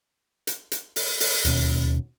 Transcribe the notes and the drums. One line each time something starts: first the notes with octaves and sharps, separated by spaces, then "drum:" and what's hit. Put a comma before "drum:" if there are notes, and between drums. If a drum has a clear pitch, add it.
drum: hi-hat
drum: hi-hat
drum: open hi-hat
drum: open hi-hat
D1 D#2 B2 C#4, drum: hi-hat